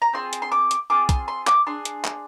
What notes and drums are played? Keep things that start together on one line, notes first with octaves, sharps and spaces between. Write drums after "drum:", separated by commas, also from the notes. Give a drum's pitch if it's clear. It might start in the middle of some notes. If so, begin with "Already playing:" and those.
A#5
C4 F4 G#4 C6
drum: hi-hat
C6
D6
drum: hi-hat
C4 F4 G#4 D6
C6, drum: kick, hi-hat
C6
D6, drum: clap
D4 G#4 C6
drum: hi-hat
drum: clap